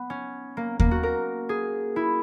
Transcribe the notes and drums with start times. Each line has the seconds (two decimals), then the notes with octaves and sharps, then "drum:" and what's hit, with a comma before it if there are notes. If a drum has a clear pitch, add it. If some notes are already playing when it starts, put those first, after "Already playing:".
Already playing: B3
0.10 C#4
0.57 A#3
0.80 A#3, drum: kick D#2
0.91 F#4
1.03 A#4
1.49 G#4
1.96 E4